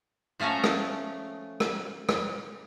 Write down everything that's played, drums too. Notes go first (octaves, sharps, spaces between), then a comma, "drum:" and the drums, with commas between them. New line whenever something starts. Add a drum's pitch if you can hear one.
F3 A3 C#4 G#5 A#5
drum: rim click
drum: rim click
drum: rim click